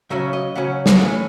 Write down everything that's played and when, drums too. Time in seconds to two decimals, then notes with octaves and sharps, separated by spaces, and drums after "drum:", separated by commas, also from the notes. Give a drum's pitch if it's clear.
0.10 C#3 F#3 C#4 E5
0.33 D#5
0.55 C#3 F#3 C#4 F#5
0.86 drum: snare
1.01 A2 E3 A3 C#4